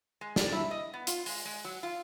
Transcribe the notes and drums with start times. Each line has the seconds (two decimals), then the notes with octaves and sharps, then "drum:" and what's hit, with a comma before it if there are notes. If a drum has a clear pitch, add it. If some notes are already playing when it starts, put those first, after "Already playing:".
0.21 G#3
0.36 D4, drum: snare
0.52 E4
0.71 D#5
0.93 B3
1.07 F4, drum: hi-hat
1.26 G#3, drum: open hi-hat
1.45 G#3
1.65 F#3
1.83 F4